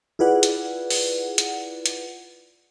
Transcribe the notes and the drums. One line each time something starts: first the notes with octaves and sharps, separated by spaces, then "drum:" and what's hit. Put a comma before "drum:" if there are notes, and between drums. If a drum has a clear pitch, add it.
E4 F4 G#4 B4 D5 F#5
drum: hi-hat
drum: open hi-hat
drum: hi-hat
drum: hi-hat